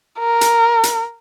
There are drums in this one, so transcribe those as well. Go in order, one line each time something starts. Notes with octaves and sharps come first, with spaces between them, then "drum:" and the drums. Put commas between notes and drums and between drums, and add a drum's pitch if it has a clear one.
A#4
drum: hi-hat
drum: hi-hat